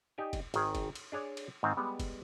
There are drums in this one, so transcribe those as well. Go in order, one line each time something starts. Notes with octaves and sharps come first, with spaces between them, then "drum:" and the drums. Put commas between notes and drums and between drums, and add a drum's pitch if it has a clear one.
D#4 G4 D5 G#5
drum: kick, cymbal
G#1 D#3 G#4, drum: cymbal
drum: kick, cymbal
drum: cymbal
D4 G#4 C#5 D5
drum: cymbal
G#2 D#3 C4
G3 G#3 B3
drum: kick, cymbal